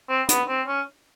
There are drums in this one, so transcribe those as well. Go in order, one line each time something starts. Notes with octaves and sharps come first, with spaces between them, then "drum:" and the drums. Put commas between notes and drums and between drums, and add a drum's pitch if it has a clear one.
C4
B3, drum: hi-hat
C4
C#4